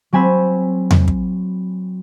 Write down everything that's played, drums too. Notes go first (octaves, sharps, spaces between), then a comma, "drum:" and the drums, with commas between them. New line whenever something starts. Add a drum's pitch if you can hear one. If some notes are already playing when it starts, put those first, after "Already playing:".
F#3 C4 G#5 B5 E6
drum: tom E2
drum: kick